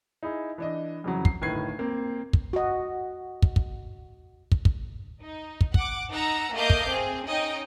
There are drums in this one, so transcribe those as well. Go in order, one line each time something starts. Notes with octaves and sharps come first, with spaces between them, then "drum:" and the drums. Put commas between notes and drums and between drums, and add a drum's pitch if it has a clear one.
D#4 E4 G#4
E3 D4 D#5
F2 C#3 E3 F#3
C7, drum: kick
G1 A2 D#3 B4 G#6 C7
A#3 C4
drum: kick
F#4 D#5
drum: kick
drum: kick
drum: kick
drum: kick
D#4
drum: kick
F#5 D6, drum: kick
D#4 F#5 A#5 E6
A3 A#3 D#5 F5 D6 G6
drum: kick
C4 G#4
C#4 D#4 D#5 G5